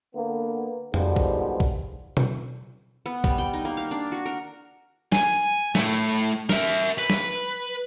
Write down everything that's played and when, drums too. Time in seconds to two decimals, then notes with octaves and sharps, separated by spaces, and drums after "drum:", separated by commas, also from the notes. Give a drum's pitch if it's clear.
0.16 D3 A#3 B3
0.94 G#2 B2 D3 F3 G3, drum: tom F2
1.16 drum: kick B1
1.60 drum: kick B1
2.17 drum: tom B2
3.06 B3
3.24 G3, drum: kick B1
3.38 G5
3.53 D#4
3.65 A#3
3.77 F5
3.91 D4
4.12 F#4
4.26 A#4
5.12 G#5, drum: snare
5.75 A3 E4, drum: snare
6.49 A#4 E5, drum: snare
6.98 B4
7.10 drum: snare